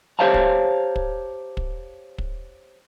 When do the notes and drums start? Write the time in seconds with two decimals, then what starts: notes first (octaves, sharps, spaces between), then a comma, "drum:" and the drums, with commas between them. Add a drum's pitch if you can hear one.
0.19 G4 C5 C#5 F5 A5 A#5
0.34 drum: kick
0.96 drum: kick
1.57 drum: kick
2.18 drum: kick